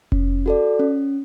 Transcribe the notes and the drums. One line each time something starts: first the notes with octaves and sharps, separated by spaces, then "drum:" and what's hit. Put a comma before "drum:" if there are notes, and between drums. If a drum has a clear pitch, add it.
C#4, drum: kick F1
F#4 A4 D5
C#4